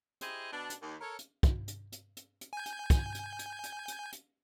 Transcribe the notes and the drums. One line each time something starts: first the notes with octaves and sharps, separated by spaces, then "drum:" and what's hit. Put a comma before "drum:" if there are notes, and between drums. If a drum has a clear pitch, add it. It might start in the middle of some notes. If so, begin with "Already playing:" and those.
E4 G4 G#4 C5 D#5, drum: hi-hat
B2 D4
drum: hi-hat
D#2
A4 A#4 C#5
drum: hi-hat
drum: kick, hi-hat
drum: hi-hat
drum: hi-hat
drum: hi-hat
drum: hi-hat
G#5 G6
drum: hi-hat
drum: kick, hi-hat
drum: hi-hat
drum: hi-hat
drum: hi-hat
drum: hi-hat
drum: hi-hat